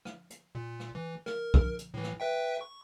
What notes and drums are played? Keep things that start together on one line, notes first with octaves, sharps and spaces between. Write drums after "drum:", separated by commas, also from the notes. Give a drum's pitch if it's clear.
drum: rim click
drum: hi-hat
A#2
drum: rim click
E3
A#4, drum: rim click
drum: kick
drum: hi-hat
A2 E3
drum: rim click
B4 E5 G5
C#6